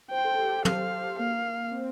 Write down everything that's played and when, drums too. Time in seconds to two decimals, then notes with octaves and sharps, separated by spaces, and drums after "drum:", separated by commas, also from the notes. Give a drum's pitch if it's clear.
0.11 C5 G5
0.24 A4
0.39 G4
0.65 F5, drum: tom
1.19 A#3 F5
1.72 C4